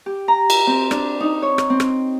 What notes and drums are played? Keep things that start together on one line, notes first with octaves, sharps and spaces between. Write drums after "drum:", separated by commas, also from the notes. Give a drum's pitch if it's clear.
G4
A#5
drum: cymbal
C4
D4, drum: rim click
D#4
C#5
drum: rim click
C4
drum: rim click